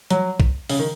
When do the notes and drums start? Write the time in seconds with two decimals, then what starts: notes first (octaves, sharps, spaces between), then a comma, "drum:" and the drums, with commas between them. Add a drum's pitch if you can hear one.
0.11 F#3, drum: hi-hat
0.40 drum: kick
0.70 C#3, drum: open hi-hat
0.79 D#3